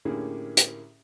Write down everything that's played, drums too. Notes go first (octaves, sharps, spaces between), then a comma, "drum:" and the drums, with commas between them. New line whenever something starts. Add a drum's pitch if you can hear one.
A2 D3 A#3 C#4 G4 G#4
drum: hi-hat